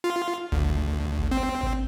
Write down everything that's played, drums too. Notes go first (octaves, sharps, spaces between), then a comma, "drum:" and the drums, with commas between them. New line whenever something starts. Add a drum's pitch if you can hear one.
F4
D2, drum: kick G#1
drum: kick G#1
C4
drum: kick G#1